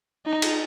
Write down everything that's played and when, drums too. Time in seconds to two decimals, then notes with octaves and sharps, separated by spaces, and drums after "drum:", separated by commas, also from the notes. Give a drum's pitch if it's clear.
0.26 D#4
0.42 drum: cymbal